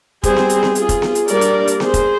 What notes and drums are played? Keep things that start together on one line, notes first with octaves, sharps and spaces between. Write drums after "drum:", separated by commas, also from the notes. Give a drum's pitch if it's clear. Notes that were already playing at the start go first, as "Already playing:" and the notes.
G3 C4 G#4 C5, drum: kick, hi-hat
drum: snare B3
drum: hi-hat
drum: snare B3
F4 G#4, drum: hi-hat
drum: kick, hi-hat
drum: snare B3
drum: hi-hat
G3 A#3 D4 A#4 D5, drum: hi-hat
drum: hi-hat
drum: hi-hat
G#4 C5, drum: snare B3
drum: kick, hi-hat